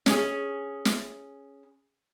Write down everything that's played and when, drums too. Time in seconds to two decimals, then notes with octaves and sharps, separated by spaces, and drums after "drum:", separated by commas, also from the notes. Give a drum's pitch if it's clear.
0.06 C#4 G#4, drum: snare
0.85 drum: snare